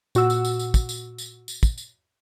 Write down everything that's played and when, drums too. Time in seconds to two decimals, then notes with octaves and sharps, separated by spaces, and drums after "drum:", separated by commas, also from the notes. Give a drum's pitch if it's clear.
0.15 A#2 F#4 F#5 E6, drum: tambourine
0.30 drum: tambourine
0.45 drum: tambourine
0.59 drum: tambourine
0.74 drum: kick, tambourine
0.89 drum: tambourine
1.18 drum: tambourine
1.48 drum: tambourine
1.63 drum: kick, tambourine
1.78 drum: tambourine